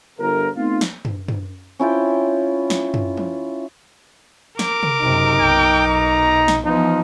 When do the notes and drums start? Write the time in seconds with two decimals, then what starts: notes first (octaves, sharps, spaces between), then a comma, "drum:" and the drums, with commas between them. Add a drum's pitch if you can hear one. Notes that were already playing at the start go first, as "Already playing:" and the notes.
0.20 G1 A#4
0.56 A3 B3 C4 D#4 F4
0.81 drum: snare
1.05 drum: tom F#2
1.28 drum: tom F#2
1.79 C#4 E4 F4 G5
2.70 drum: snare
2.94 drum: tom F#2
3.17 drum: tom E3
4.59 A#4 D6, drum: snare
4.83 drum: tom C3
5.01 F#1 C3 D#4
5.40 B1 G5
5.88 A#5
6.48 drum: snare
6.65 E3 F3 B3 D#4